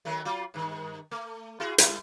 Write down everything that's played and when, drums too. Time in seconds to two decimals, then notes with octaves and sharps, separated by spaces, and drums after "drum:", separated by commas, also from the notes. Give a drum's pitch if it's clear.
0.05 D#3 F#3 A3
0.25 F#3 F4
0.54 G2 D#3
1.11 A3
1.60 E4 F#4 G#4
1.78 G3 A3 E4, drum: hi-hat